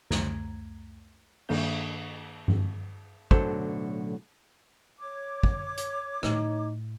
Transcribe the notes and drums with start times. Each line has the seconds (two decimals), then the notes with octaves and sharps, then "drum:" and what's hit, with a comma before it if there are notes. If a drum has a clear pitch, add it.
0.11 C#2 F#2 A3 A#5 G#6, drum: snare
1.49 G2 D#3 A#3 D4 A4 G6, drum: cymbal
2.48 drum: tom G2
3.31 B1 A2 D3 F#3 A4 C5, drum: kick
4.99 C#5 D6
5.43 drum: kick
5.78 drum: hi-hat
6.23 A2 D#4, drum: rim click